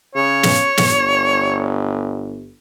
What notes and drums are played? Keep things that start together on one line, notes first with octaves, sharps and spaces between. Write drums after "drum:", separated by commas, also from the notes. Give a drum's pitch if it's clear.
C#3 C#5
drum: snare
drum: snare
G1